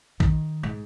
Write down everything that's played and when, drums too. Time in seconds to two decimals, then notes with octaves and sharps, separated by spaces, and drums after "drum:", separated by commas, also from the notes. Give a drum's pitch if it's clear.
0.20 D#3, drum: kick
0.63 G#2